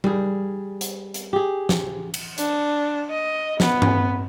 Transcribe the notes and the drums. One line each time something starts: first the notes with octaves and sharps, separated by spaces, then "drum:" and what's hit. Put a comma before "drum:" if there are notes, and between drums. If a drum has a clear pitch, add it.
G3 G#4, drum: tom G3
drum: hi-hat
drum: hi-hat
G4 G#4
drum: snare
drum: cymbal
D4, drum: hi-hat
D#5
B3, drum: snare
drum: tom